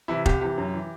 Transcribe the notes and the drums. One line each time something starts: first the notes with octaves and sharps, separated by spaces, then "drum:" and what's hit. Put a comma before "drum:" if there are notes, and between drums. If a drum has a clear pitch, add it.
C3 E3 E4
C2 G4, drum: kick F1
C3 E3 G4
F#2
E3